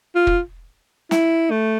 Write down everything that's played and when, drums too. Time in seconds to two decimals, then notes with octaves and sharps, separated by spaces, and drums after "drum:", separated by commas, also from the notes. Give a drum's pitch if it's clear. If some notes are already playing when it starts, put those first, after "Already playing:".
0.15 F4
0.27 drum: kick
1.11 E4, drum: snare
1.51 A3